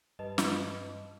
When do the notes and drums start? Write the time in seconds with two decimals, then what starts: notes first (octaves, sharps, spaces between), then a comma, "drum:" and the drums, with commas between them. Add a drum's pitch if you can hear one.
0.19 G2 G3 B4 D#5 A5
0.38 drum: snare